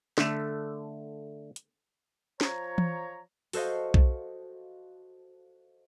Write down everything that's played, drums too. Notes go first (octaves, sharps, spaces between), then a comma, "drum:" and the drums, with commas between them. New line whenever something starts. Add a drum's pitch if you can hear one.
D3 A3, drum: snare
drum: hi-hat
F3 C#5 A#5, drum: snare
drum: tom E3
F#4 A4 C5 D#5 F5, drum: open hi-hat
drum: kick B1